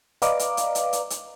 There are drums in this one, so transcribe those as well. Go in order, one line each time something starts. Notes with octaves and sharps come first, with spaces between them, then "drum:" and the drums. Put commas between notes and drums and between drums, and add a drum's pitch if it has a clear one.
B4 D5 D#5 F5 A#5 D6, drum: hi-hat
drum: hi-hat
drum: hi-hat
drum: hi-hat
drum: hi-hat
drum: hi-hat